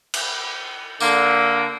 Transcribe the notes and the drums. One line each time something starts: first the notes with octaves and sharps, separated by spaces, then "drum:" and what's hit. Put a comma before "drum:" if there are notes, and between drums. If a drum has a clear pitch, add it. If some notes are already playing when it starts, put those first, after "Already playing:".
drum: cymbal
D3 A#3, drum: tambourine